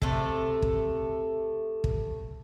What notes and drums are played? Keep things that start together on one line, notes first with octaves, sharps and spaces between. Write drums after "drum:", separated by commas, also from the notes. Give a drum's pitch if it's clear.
C3 A3 A4, drum: kick
drum: kick
drum: kick